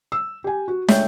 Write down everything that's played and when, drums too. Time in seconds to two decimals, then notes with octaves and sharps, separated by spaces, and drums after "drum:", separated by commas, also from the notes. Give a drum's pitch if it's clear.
0.12 E6
0.44 G4 G#5
0.68 F#4
0.88 C#2 A3 C#5 E5 G5 G6, drum: snare